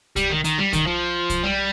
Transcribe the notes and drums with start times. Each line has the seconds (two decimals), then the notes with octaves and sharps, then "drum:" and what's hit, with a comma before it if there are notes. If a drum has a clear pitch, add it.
0.16 G3, drum: kick, hi-hat
0.30 D#3
0.44 D#3, drum: hi-hat
0.59 G3
0.73 D#3, drum: kick, hi-hat
0.87 F3
1.30 drum: kick, hi-hat
1.44 G3